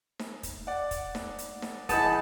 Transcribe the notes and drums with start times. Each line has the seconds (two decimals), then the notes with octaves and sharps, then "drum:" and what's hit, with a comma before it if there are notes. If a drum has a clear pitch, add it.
0.19 drum: snare D#4
0.43 drum: kick, hi-hat
0.67 D5 F#5
0.91 drum: kick, hi-hat
1.15 drum: snare D#4
1.38 drum: hi-hat
1.62 drum: snare D#4
1.89 E3 B3 D#4 G#4 A5, drum: kick, hi-hat